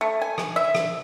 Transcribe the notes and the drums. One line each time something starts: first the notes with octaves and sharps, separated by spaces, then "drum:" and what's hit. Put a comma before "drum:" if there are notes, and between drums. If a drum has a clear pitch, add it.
A3
G#5
drum: rim click
E5
drum: rim click